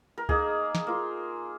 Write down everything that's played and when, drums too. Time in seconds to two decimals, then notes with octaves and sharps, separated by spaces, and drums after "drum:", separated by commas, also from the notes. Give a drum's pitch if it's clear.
0.18 A#4
0.29 A#3 D#4 G#4, drum: kick C#2
0.75 drum: snare
0.87 A#3 F4